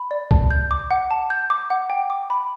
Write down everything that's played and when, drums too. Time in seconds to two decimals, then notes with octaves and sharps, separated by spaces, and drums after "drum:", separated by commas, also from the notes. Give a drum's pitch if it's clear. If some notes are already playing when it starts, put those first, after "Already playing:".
Already playing: B5
0.11 D5
0.31 A5, drum: kick B1
0.51 G6
0.71 D6
0.91 F#5
1.11 A5
1.30 G6
1.50 D6
1.70 F#5
1.90 G5
2.10 D6
2.30 B5